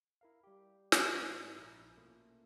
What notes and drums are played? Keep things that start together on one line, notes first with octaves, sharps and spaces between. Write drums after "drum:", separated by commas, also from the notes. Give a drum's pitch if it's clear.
E4 A#4 F5
G3 G4
B3 B5, drum: snare
G#2 D5
A#1 E4 A#5
B2 A3 A#3 C#4 E4 F4